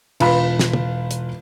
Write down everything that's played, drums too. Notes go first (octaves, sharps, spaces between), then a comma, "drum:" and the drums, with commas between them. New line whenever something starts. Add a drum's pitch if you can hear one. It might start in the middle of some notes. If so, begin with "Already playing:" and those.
E1 F4 B4 F5 B5, drum: cymbal
drum: snare
drum: tom
drum: hi-hat